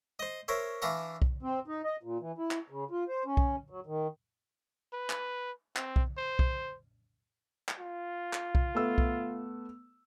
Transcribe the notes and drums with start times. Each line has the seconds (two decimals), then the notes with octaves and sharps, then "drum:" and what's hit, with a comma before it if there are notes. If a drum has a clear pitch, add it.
0.19 C5 D#5
0.48 A#4 C5 C#5 E5
0.82 E3 D4 E5 F5 A#5 C#6
1.22 drum: kick B1
1.42 C4
1.67 D#4
1.84 D#5
2.03 A#2
2.20 E3
2.38 E4
2.51 drum: clap
2.70 C#3
2.91 F4
3.08 C5
3.25 C#4
3.37 drum: kick B1
3.70 F#3
3.86 D#3
4.93 B4
5.10 drum: clap
5.76 C4, drum: clap
5.96 drum: kick B1
6.18 C5
6.39 drum: kick B1
7.68 drum: clap
7.79 F4
8.33 drum: clap
8.55 drum: kick B1
8.75 A3 B3 E6
8.98 drum: kick B1